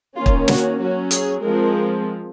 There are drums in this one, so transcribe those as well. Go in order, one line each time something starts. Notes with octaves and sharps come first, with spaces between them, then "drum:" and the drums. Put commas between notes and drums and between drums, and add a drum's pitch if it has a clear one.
D#3 A#3 C#4 F4
drum: kick
F#4, drum: snare
F#3 C#4 F#4
G#4, drum: hi-hat
F3 G#3 C4 A#4